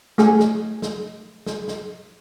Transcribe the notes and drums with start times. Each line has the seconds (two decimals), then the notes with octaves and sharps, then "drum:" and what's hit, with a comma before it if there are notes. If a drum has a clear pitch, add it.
0.18 A3 G#4 G#5, drum: snare
0.40 drum: snare
0.82 drum: snare
1.46 drum: snare
1.68 drum: snare